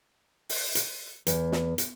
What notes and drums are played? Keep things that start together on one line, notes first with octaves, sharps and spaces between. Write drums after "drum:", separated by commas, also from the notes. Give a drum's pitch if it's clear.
drum: open hi-hat
drum: hi-hat
E2, drum: hi-hat
drum: snare
drum: hi-hat